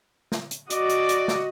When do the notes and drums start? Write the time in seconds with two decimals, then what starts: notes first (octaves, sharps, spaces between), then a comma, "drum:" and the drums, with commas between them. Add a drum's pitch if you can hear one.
0.32 drum: snare
0.51 drum: hi-hat
0.70 F#4 D5 D#5 D6, drum: hi-hat
0.90 drum: hi-hat
1.09 drum: hi-hat
1.28 drum: snare